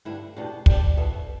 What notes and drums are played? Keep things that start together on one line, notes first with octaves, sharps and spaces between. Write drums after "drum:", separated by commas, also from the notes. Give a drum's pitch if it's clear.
G2 D3 A3 E4
E2 B2 A3 D4 G4
G3 D4 G4 D5, drum: kick
B2 B3 E4 A4 E5